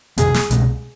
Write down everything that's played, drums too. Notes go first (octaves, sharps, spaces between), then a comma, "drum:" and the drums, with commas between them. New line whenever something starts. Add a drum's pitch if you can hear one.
F2 C3 D#3 B3 G#4, drum: hi-hat
drum: snare
C2 B2 G#3, drum: hi-hat